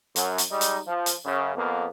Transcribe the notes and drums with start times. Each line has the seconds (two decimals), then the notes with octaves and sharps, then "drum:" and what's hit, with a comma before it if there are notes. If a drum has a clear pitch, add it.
0.16 F#2, drum: hi-hat
0.38 drum: hi-hat
0.51 G3 G#3 D#4
0.61 drum: hi-hat
0.87 F3
1.06 drum: hi-hat
1.25 F#2 C#3
1.55 F2 A#3 B3